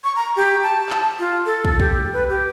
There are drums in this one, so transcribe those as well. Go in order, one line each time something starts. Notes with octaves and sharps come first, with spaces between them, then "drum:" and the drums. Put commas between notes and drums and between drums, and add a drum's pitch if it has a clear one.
C#6
A#5
G4
A5
drum: clap
F4
A4
drum: kick
G4, drum: kick
B4
G4